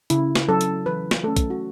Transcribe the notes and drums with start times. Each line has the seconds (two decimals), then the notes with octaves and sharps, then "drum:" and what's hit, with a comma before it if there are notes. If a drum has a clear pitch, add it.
0.10 C#3 E4, drum: hi-hat
0.35 drum: snare
0.48 F#3 C#4 A4
0.61 drum: hi-hat
0.86 E3 B4
1.11 drum: snare
1.24 A3 C#4 A4
1.37 drum: kick, hi-hat
1.50 F#4